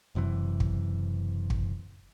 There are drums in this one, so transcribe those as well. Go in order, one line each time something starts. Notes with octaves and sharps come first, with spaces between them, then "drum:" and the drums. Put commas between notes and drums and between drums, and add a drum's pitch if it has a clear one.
F#1 F#2 C3 E3
drum: kick
drum: kick